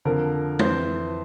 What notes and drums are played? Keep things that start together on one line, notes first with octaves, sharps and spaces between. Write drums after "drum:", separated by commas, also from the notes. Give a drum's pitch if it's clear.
F2 D3 F3 A#4
F2 E3 C5, drum: tom